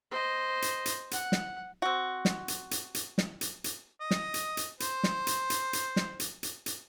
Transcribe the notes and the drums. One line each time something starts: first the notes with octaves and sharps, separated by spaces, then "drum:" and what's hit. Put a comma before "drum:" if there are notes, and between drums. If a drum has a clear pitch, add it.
C5 D#5
drum: hi-hat
drum: hi-hat
F#5, drum: hi-hat
drum: snare
C4 F#4
drum: snare
drum: hi-hat
drum: hi-hat
drum: hi-hat
drum: snare
drum: hi-hat
drum: hi-hat
D#5
drum: snare
drum: hi-hat
drum: hi-hat
C5, drum: hi-hat
drum: snare
drum: hi-hat
drum: hi-hat
drum: hi-hat
drum: snare
drum: hi-hat
drum: hi-hat
drum: hi-hat